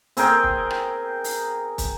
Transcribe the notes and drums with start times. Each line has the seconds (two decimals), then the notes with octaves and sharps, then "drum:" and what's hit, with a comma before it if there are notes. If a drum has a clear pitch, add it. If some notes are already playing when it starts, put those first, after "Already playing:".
0.17 C4 G#4 A#4 G5, drum: hi-hat
0.44 drum: kick
0.70 drum: rim click
1.24 drum: open hi-hat
1.78 drum: kick, hi-hat